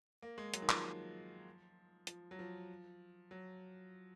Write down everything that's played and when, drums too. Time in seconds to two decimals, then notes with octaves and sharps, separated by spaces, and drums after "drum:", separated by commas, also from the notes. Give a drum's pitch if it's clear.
0.22 A#3
0.38 G#3
0.54 F#3, drum: hi-hat
0.62 D#3
0.69 F3, drum: clap
2.07 F3, drum: hi-hat
2.31 F#3
2.39 F3
3.31 F#3